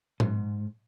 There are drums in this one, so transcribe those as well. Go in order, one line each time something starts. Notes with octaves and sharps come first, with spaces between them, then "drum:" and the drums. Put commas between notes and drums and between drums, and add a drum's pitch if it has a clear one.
G#2, drum: tom A2